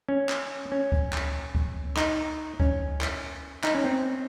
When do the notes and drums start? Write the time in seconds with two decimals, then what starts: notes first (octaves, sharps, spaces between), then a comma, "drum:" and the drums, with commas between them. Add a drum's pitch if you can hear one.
0.08 C#4
0.29 drum: clap
0.72 C#4
0.92 drum: kick C#2
1.13 drum: clap
1.55 drum: kick C#2
1.97 D#4, drum: clap
2.60 C#4, drum: kick C#2
3.01 drum: clap
3.64 D#4, drum: clap
3.75 C#4
3.84 C4